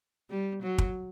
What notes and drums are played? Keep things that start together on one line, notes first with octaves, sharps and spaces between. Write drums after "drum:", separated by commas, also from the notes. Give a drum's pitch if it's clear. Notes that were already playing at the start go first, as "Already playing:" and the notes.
G3
F#3
drum: kick